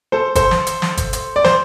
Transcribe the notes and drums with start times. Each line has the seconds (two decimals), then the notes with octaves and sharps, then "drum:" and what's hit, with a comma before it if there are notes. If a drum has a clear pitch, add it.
0.12 A4 C5
0.35 A4 C5, drum: kick G1, hi-hat
0.51 drum: snare
0.67 drum: hi-hat
0.82 drum: snare
0.97 drum: kick G1, hi-hat
1.13 drum: hi-hat
1.36 D5
1.44 C5, drum: snare